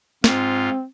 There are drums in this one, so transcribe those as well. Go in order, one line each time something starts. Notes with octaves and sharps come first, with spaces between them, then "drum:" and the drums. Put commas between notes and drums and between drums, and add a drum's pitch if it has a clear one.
G#2 C4 F4, drum: snare